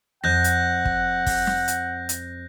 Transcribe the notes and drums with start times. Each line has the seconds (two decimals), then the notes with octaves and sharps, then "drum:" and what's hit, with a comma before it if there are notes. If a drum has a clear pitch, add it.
0.24 F2 F#5 F#6 G6 A#6
0.44 drum: hi-hat
0.85 drum: kick
1.26 drum: kick, open hi-hat
1.47 drum: snare
1.68 drum: hi-hat
2.09 drum: hi-hat